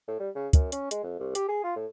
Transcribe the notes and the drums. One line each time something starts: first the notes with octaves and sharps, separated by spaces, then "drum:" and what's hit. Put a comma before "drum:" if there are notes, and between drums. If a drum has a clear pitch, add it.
A2
G3
C#3
F#2, drum: kick, hi-hat
C#4, drum: hi-hat
G#3, drum: hi-hat
F2
C2
G4, drum: hi-hat
G#4
F4
A2